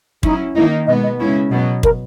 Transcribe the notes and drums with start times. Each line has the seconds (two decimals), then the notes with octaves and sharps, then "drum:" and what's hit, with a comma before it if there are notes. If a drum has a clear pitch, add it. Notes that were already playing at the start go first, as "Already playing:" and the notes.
0.23 F#3 C#4 D#4 E4, drum: kick
0.55 D#3 A#3 D#4 E4
0.87 B2 G#3 B3 D#5
1.03 D#5
1.19 C#3 G#3 C#4 E4
1.51 B2 F#3 B3
1.83 A#4, drum: kick